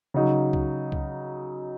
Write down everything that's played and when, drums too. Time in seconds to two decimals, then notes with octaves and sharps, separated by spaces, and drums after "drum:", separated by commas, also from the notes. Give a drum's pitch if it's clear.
0.14 C#3 F#3 D#4
0.53 drum: kick C2
0.92 drum: kick C2